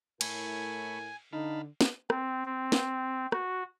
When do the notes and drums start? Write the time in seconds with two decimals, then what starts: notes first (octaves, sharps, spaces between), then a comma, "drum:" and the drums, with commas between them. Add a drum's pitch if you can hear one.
0.21 A2 A3 E4 A#4 C#5 G#5 B5, drum: cymbal
1.33 D3 D#4 F5 A5 B5
1.81 drum: snare
2.10 C4, drum: rim click
2.45 C4
2.72 drum: snare
3.32 F#4, drum: rim click